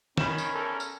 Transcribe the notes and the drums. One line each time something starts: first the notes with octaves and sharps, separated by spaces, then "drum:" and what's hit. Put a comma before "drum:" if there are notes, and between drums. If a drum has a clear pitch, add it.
D#3 C#4 B5 E7, drum: snare
drum: tambourine
E2 A4 A#4
drum: tambourine